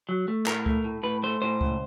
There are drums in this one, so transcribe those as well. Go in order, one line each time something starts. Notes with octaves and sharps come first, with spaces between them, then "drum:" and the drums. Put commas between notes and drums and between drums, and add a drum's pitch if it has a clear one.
F#3
A3
A2 A#4, drum: clap
A3, drum: kick C#2
A2
A2 B4
A3 C5
A2 C5
C#2, drum: kick C#2